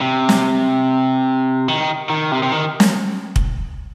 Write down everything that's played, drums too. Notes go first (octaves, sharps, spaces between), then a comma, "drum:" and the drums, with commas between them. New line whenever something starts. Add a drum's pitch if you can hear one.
C3
drum: snare
D#3
D#3
C3
C3
D#3
drum: snare
drum: kick